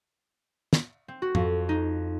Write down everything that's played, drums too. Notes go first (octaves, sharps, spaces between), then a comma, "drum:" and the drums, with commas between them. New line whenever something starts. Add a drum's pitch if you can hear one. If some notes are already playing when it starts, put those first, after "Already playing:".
drum: snare
C4
F#4
F2, drum: tom
D#4